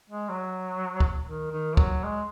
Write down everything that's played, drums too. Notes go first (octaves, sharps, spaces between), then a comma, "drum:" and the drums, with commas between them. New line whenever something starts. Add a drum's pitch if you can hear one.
G#3
F#3
drum: kick
D#3
D#3
F#3, drum: kick
G#3